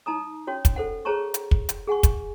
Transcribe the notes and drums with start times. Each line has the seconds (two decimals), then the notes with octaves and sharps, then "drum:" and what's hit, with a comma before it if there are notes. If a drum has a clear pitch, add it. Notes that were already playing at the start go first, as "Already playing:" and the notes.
0.06 D#4 A5 A#5 D#6
0.47 C#4 F#4 C#5
0.65 drum: kick, hi-hat
0.76 A4 C5 F#5
1.05 G#4 C5 C#5 A5 A#5 C#6
1.34 drum: hi-hat
1.51 drum: kick
1.69 drum: hi-hat
1.87 G#4 F#5 G#5 C#6
2.03 drum: kick, hi-hat